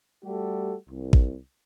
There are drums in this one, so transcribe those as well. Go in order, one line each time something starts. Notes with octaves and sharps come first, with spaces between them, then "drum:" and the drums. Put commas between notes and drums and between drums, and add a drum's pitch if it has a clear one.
G3 A3 F#4 G4 A4
C2
drum: kick A1